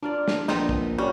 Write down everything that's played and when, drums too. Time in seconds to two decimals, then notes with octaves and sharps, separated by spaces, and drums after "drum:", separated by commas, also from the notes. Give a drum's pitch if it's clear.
0.02 A#3 D4 F4 D5
0.28 drum: snare
0.48 A#1 B3 C4 D#4, drum: snare
0.69 drum: kick
0.98 F#2 F#3 G3 C#4 F#4